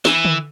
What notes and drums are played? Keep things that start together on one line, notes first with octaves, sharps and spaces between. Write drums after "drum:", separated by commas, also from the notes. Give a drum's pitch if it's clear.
E3, drum: snare
drum: tom D3